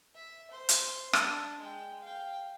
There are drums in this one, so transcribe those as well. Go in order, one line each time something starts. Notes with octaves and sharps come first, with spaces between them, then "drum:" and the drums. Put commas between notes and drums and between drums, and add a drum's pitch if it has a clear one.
E5
C5 C6
drum: hi-hat
D4, drum: rim click
G#3 G5
F5 G5